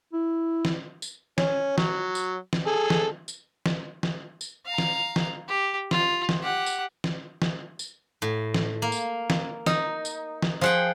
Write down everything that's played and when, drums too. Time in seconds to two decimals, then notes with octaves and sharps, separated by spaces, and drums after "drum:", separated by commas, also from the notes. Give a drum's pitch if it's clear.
0.13 E4
0.65 drum: snare
1.02 drum: tambourine
1.38 C#4, drum: snare
1.78 F#3, drum: snare
2.15 drum: tambourine
2.53 drum: snare
2.67 G#4 A4
2.90 drum: snare
3.28 drum: tambourine
3.66 drum: snare
4.03 drum: snare
4.41 drum: tambourine
4.66 F5 A#5
4.78 drum: snare
5.16 drum: snare
5.48 G4
5.91 F4, drum: snare
6.29 drum: snare
6.42 G4 F#5
6.66 drum: tambourine
7.04 drum: snare
7.42 drum: snare
7.79 drum: tambourine
8.22 A2
8.54 drum: snare
8.82 A#3
8.92 drum: tambourine
9.30 drum: snare
9.66 D#4, drum: snare
10.05 drum: tambourine
10.42 drum: snare
10.61 F3 F4 G#4 F#5 G5